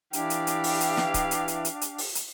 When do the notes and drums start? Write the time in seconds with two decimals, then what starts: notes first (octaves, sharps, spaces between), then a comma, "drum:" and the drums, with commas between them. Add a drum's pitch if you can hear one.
0.13 E3 D4 E4 G4 F5, drum: hi-hat
0.30 drum: hi-hat
0.47 drum: hi-hat
0.64 drum: open hi-hat
0.80 drum: hi-hat
0.97 drum: snare
1.14 drum: kick C#1, hi-hat
1.31 drum: hi-hat
1.48 drum: hi-hat
1.65 drum: hi-hat
1.81 drum: hi-hat
1.98 drum: open hi-hat
2.15 drum: hi-hat